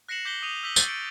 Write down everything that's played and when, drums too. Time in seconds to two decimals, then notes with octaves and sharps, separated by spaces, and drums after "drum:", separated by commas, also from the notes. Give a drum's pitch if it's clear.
0.09 F#6 A#6 C7 C#7 E7 F#7
0.25 D6 G6 B6 C7 F#7 G7
0.42 D#6 D#7 F7
0.63 E6 G6 B6 F#7 G7
0.76 C#6 G6 A6 C7, drum: tambourine
0.88 A6 C#7 D7